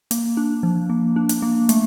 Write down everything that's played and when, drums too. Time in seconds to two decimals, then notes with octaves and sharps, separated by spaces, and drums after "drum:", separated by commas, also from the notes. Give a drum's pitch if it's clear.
0.11 A#3, drum: hi-hat
0.37 D4
0.63 F3
0.90 A#3
1.16 D4
1.29 drum: hi-hat
1.42 A#3
1.69 A3, drum: hi-hat